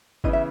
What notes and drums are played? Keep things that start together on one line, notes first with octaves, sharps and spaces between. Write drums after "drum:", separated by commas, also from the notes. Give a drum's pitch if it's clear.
C#3 E3 B3 D#5, drum: kick G1
E5